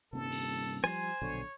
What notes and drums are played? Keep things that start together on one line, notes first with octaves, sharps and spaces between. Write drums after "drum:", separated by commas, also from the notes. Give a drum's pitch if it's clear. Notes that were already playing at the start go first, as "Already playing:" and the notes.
D#1 G2 C3 A4
drum: cymbal
F3 G3 C5 G#5, drum: rim click
A#1 B2 D3 F#3 C#5